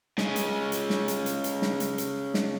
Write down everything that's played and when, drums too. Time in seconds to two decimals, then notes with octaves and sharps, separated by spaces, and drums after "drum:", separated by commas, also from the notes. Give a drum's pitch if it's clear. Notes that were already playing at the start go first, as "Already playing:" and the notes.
0.18 C#3 G#3, drum: snare
0.36 drum: hi-hat
0.72 drum: hi-hat
0.90 drum: snare
1.08 drum: hi-hat
1.26 drum: hi-hat
1.44 drum: hi-hat
1.62 drum: snare
1.80 drum: hi-hat
1.98 drum: hi-hat
2.34 drum: snare